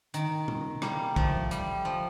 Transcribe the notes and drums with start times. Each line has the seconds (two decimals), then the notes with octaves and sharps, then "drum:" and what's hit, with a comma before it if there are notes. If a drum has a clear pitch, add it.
0.14 D#3, drum: hi-hat
0.48 drum: tom B2
0.82 G3 A#3, drum: rim click
1.16 F3 A3, drum: kick
1.51 G3, drum: hi-hat
1.85 F3